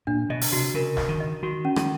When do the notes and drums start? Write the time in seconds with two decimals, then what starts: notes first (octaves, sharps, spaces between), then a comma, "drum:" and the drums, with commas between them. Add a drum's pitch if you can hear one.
0.07 A#2 D4
0.29 B2 D#5
0.41 drum: open hi-hat
0.52 C3 F#4
0.74 C#3 A#4
0.97 D#5, drum: snare
1.09 D#3
1.20 D#5
1.43 D#3 F#4
1.65 C#4
1.76 D#3, drum: rim click